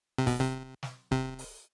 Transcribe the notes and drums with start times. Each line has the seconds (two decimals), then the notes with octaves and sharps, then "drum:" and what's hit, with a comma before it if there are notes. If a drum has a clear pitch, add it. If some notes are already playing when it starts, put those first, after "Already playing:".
0.18 C3
0.26 B2, drum: kick, open hi-hat
0.41 C3
0.83 drum: snare
1.11 C3, drum: kick
1.39 drum: open hi-hat